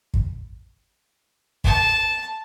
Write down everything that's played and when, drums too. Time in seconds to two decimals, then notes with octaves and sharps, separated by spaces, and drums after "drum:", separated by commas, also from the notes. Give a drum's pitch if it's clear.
0.14 drum: kick
1.64 A5, drum: kick